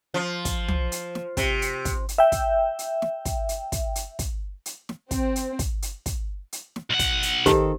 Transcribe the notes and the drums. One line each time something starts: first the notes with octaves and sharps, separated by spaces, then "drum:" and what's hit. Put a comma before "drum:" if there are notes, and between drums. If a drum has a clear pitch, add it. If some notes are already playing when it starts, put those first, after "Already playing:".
F3
drum: kick, hi-hat
drum: tom
drum: hi-hat
drum: snare
C3, drum: kick, hi-hat
drum: hi-hat
drum: kick, hi-hat
drum: hi-hat
E5 G5
drum: kick, hi-hat
drum: hi-hat
drum: snare
drum: kick, hi-hat
drum: hi-hat
drum: kick, hi-hat
drum: hi-hat
drum: kick, hi-hat
drum: hi-hat
drum: snare
C4, drum: kick, hi-hat
drum: hi-hat
drum: kick, hi-hat
drum: hi-hat
drum: kick, hi-hat
drum: hi-hat
drum: snare
B1 F#5
drum: kick, hi-hat
drum: hi-hat
D#3 C4 G4 A4, drum: kick, hi-hat